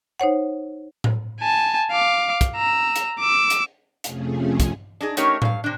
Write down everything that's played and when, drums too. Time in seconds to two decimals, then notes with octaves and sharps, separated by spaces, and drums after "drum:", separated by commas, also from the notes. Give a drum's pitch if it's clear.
0.20 D#4 C5 C#5 F#5
1.04 drum: tom A2
1.40 G#5 A5
1.91 F5 D6
2.41 drum: kick, hi-hat
2.56 A#5 E6
2.96 drum: hi-hat
3.20 D6 E6
3.50 drum: hi-hat
4.04 F2 C3 F3 A3 C#4 G#4, drum: hi-hat
4.60 drum: kick, hi-hat
5.01 D4 D#4 G#4
5.17 A3 C#4 D#4 G4 A#4 C#5, drum: hi-hat
5.42 G2 F5, drum: tom A2
5.64 C3 D4